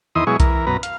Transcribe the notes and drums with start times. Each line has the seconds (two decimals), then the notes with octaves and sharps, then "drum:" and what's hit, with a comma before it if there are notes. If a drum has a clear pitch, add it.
0.15 E2 D#3 E4 D#5 C6 D#6
0.27 B2 F#3 G#3 E4 G#4 C#6
0.40 E3 A#4, drum: kick B1, hi-hat
0.67 F#2 B2 B4 A#5
0.83 F5, drum: hi-hat